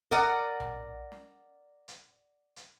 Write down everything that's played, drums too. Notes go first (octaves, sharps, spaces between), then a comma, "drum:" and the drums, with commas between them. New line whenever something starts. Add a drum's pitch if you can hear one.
A#4 D5 D#5 F#5, drum: kick
drum: tom B1
drum: snare
drum: hi-hat
drum: hi-hat